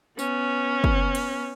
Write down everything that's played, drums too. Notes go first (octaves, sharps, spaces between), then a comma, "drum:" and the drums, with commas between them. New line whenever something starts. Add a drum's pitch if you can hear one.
B3 C#4, drum: tambourine
drum: kick
drum: cymbal